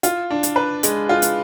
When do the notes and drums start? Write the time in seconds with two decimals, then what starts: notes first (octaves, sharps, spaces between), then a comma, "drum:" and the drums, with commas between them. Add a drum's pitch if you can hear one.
0.03 F4, drum: hi-hat
0.31 D4
0.43 drum: hi-hat
0.56 B4
0.83 G#3, drum: hi-hat
1.09 F4
1.22 drum: hi-hat